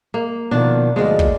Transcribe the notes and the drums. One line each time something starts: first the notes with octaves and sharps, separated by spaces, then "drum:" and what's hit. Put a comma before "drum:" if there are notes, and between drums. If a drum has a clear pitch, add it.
A#3
B2 D#3 F3 D4
D2 F3 G#3 A3 D4
drum: kick